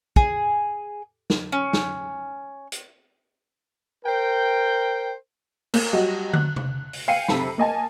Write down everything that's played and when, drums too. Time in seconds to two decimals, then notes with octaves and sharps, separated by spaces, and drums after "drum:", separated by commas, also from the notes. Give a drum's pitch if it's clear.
0.16 G#4, drum: kick
1.30 drum: snare
1.52 C#4
1.73 drum: snare
2.72 drum: hi-hat
4.05 A#4 C5 G5
5.74 A#3, drum: cymbal
5.93 F#3 G3 F#4 D#5
6.33 F#6, drum: tom
6.56 drum: tom C3
6.93 drum: open hi-hat
7.08 F5 G5 G#5 C7 C#7 D#7
7.28 C3 A4 B5, drum: snare
7.58 A#3 D#5 G#5 A5